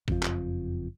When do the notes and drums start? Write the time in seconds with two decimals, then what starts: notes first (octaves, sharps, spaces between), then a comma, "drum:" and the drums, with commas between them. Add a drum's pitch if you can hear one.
0.08 F#1 F2 F3, drum: kick
0.23 drum: clap